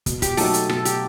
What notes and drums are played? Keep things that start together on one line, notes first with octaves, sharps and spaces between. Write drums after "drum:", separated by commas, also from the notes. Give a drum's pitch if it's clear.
B2, drum: kick, hi-hat
G4, drum: kick, hi-hat
F#3 A3 D#4 F#4 A4, drum: open hi-hat
drum: hi-hat
B2 A4, drum: rim click
G4, drum: hi-hat